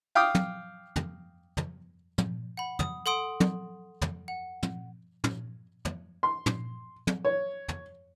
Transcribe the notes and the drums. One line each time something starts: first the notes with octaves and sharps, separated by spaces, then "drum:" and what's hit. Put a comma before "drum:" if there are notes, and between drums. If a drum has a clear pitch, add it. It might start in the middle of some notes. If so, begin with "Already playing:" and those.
F5 G5 D6 D#6
drum: tom
drum: tom
drum: tom
drum: tom
F#5 B5
D#6, drum: tom
A4 F#5 C6 D#6 D7
drum: tom
drum: tom
F#5
drum: tom
drum: tom
drum: tom
C6
drum: tom
drum: tom
C#5
drum: tom